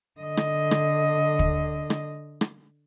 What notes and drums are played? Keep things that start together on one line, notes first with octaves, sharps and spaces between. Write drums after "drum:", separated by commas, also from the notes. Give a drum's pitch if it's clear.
D3 D#5
drum: rim click
drum: rim click
drum: kick
drum: rim click
drum: rim click